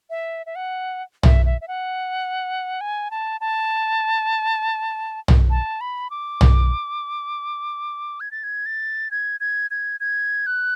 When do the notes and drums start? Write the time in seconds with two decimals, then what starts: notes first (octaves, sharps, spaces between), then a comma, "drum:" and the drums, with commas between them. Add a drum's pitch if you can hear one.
0.10 E5
0.46 E5
0.56 F#5
1.23 E5, drum: tom
1.46 E5
1.61 E5
1.68 F#5
2.81 G#5
3.11 A5
3.41 A5
5.28 drum: tom
5.50 A5
5.81 B5
6.10 D6
6.41 drum: tom
8.20 G#6
8.31 A6
8.44 G#6
8.66 A6
9.11 G#6
9.40 G#6
9.71 G#6
10.00 G#6
10.47 F#6